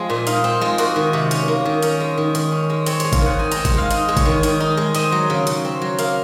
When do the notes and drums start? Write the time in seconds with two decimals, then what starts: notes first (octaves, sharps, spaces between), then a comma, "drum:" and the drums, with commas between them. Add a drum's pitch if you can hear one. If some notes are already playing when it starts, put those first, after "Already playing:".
Already playing: F3 G#3 C4
0.10 A#2
0.27 D#4 F5, drum: hi-hat
0.44 C4
0.61 G#3 F4
0.78 A#3 F#4, drum: hi-hat
0.96 D#3
1.13 C3
1.31 C#4, drum: hi-hat
1.48 A#3
1.65 D#3
1.83 C#4 A#4, drum: hi-hat
2.00 G#3
2.18 D#3
2.35 D#3, drum: hi-hat
2.52 C#4
2.70 G#3
2.86 C4 C#5, drum: hi-hat
3.00 G#3 C#5, drum: hi-hat
3.13 F5, drum: kick, hi-hat
3.21 D#3 F#5
3.39 D#4 G#5
3.52 C4 A#5, drum: hi-hat
3.65 F#5, drum: kick, hi-hat
3.74 G#3 F5
3.91 D#4 D#5, drum: hi-hat
4.09 G#3
4.17 C#5, drum: kick, hi-hat
4.26 D#3
4.43 D#3, drum: hi-hat
4.60 D#4
4.77 G#3
4.95 C4 D#5, drum: hi-hat
5.12 F#3
5.30 C#3
5.47 C#3, drum: hi-hat
5.65 C4
5.81 F#3
5.99 A#3 F5, drum: hi-hat